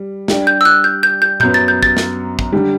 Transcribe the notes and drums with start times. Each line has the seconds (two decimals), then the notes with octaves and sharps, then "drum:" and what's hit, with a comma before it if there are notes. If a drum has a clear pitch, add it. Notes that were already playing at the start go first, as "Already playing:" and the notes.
Already playing: G3
0.28 G3 D4 G4 D5, drum: snare
0.47 G6
0.61 E6
0.65 F#6
0.84 G6
1.03 G6
1.22 G6
1.40 F#2 F#3 B3 G6, drum: tom A#2
1.54 A6
1.68 G6
1.83 A6, drum: kick
1.97 drum: snare
2.39 drum: kick
2.52 D3 G3